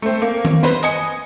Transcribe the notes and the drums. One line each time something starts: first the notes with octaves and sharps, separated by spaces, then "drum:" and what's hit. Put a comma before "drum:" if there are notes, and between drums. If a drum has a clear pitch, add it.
A3 C4
A#3
drum: tom D#3
B4 C5, drum: snare
D#5 G#5 C#7, drum: hi-hat